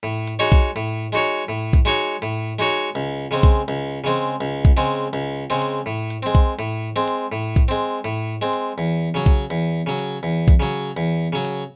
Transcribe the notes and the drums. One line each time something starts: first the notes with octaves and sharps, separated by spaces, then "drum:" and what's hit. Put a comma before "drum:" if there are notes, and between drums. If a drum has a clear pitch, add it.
A2
drum: hi-hat
G#3 D#4 F#4 C#5
drum: kick B1
A2, drum: hi-hat
G#3 D#4 F#4 C#5
drum: hi-hat
A2
drum: kick B1, hi-hat
G#3 D#4 F#4 C#5
A2, drum: hi-hat
G#3 D#4 F#4 C#5
drum: hi-hat
C#2
C#3 G#3 C4
drum: kick B1
C#2, drum: hi-hat
C#3 G#3 C4
drum: hi-hat
C#2
drum: kick B1, hi-hat
C#3 G#3 C4
C#2, drum: hi-hat
C#3 G#3 C4
drum: hi-hat
A2
drum: hi-hat
G#3 C4
drum: kick B1
A2, drum: hi-hat
G#3 C4
drum: hi-hat
A2
drum: kick B1, hi-hat
G#3 C4
A2, drum: hi-hat
G#3 C4
drum: hi-hat
E2
C#3 F#3
drum: kick B1
E2, drum: hi-hat
C#3 F#3
drum: hi-hat
E2
drum: kick B1, hi-hat
C#3 F#3
E2, drum: hi-hat
C#3 F#3
drum: hi-hat